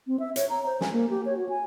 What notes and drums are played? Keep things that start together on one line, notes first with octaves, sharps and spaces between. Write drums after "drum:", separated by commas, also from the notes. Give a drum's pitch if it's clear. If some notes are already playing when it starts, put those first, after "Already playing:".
C4
E5
C#5, drum: hi-hat
A#5
C5
G#5, drum: snare
A#3
G4
C#5
F#4
G#5